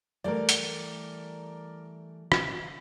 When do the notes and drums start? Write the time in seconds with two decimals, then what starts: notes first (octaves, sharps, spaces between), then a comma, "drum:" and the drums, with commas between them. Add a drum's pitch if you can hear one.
0.24 E3 G3 A3 A#4 D5
0.49 drum: hi-hat
2.32 drum: rim click